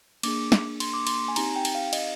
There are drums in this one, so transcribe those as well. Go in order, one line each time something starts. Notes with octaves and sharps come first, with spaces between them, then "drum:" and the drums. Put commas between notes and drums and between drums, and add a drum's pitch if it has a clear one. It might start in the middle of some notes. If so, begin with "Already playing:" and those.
A#3 D4 G#4 D6, drum: cymbal
drum: snare
C6, drum: cymbal
D6
C6, drum: cymbal
G#5
C4 D#4 G4 A#5, drum: cymbal
G5
drum: cymbal
F5
D#5, drum: cymbal